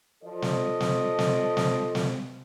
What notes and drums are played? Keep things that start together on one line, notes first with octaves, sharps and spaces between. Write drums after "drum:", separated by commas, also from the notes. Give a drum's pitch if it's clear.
F3 A4 D5 D#5
drum: snare
drum: snare
drum: snare
drum: snare
drum: snare